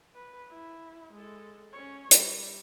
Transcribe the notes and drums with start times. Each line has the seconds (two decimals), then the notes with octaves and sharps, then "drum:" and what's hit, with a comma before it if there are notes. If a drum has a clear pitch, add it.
0.14 B4
0.50 E4
1.13 G#3 A4
1.72 C#4 C#5
2.11 G3, drum: hi-hat